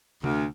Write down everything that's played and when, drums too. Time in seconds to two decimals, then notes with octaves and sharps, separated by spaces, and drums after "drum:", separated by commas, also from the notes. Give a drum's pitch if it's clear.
0.24 D2, drum: tom C3